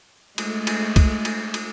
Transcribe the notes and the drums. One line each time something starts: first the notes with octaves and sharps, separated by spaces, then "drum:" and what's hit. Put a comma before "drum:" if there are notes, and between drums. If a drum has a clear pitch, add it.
G#3 A3, drum: cymbal
drum: cymbal
drum: kick, cymbal
drum: cymbal
drum: cymbal